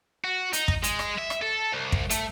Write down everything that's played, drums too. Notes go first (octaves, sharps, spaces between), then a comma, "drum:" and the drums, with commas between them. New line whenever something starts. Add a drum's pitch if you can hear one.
F#4
D#4, drum: hi-hat
drum: kick
G#3, drum: hi-hat
drum: rim click
E5
drum: rim click
A4
C2
drum: kick
A3, drum: hi-hat